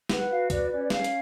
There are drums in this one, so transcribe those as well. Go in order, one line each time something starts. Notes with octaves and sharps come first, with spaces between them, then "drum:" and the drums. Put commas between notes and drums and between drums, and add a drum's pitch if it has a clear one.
B4 F#5, drum: snare
F#4 F5
B4 D5, drum: kick, hi-hat
C#4 D5
D5
C#4 F5, drum: snare
drum: hi-hat